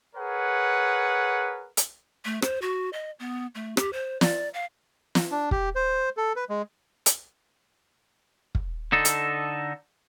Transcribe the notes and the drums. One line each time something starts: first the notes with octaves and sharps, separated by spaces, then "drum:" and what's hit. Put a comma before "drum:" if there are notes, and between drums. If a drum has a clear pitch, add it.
G#4 A#4 B4 C#5 F#5
drum: hi-hat
A3
C5, drum: rim click
F#4
D#5
B3
A3
G4, drum: rim click
C5
D5, drum: snare
F5
drum: snare
D4
G4, drum: kick
C5
A4
B4
G#3
drum: hi-hat
drum: kick
D3 D#4 A4
drum: hi-hat